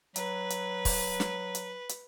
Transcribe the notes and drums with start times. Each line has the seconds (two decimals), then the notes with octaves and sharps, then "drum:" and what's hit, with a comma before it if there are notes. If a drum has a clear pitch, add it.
0.16 F#3 B4, drum: hi-hat
0.50 drum: hi-hat
0.85 drum: kick, open hi-hat
1.20 drum: snare
1.55 drum: hi-hat
1.89 drum: hi-hat